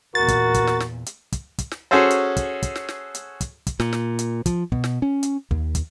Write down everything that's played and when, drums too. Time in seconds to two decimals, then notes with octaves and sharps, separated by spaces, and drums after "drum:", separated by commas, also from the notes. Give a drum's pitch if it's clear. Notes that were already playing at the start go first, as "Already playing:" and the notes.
0.15 E2 A#2 F#4 A#4 A6
0.28 drum: kick, hi-hat
0.54 drum: kick, hi-hat
0.67 drum: snare
0.80 drum: snare
1.06 drum: hi-hat
1.32 drum: kick, hi-hat
1.58 drum: kick, hi-hat
1.71 drum: snare
1.91 C#4 F#4 G#4 A4 C5
2.10 drum: hi-hat
2.37 drum: kick, hi-hat
2.63 drum: kick, hi-hat
2.76 drum: snare
2.89 drum: snare
3.15 drum: hi-hat
3.41 drum: kick, hi-hat
3.67 drum: kick, hi-hat
3.80 A#2, drum: snare
3.93 drum: snare
4.19 drum: hi-hat
4.46 F3, drum: kick, hi-hat
4.72 B2, drum: kick
4.84 drum: snare
5.02 C#4
5.23 drum: hi-hat
5.51 D#2, drum: kick
5.75 drum: kick, hi-hat